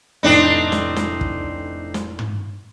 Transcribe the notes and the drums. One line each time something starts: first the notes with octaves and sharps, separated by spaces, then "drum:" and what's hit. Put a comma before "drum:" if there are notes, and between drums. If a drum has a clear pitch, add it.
F1 A2 C4 D4 D#4 D5
drum: snare
drum: snare
drum: kick
drum: snare
drum: tom